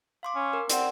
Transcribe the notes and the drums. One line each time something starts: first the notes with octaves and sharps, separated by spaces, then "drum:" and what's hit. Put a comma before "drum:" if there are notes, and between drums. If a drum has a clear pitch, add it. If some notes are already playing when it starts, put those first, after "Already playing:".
F5 C6 D6
C#4
A#4
C4 D5 F#5, drum: hi-hat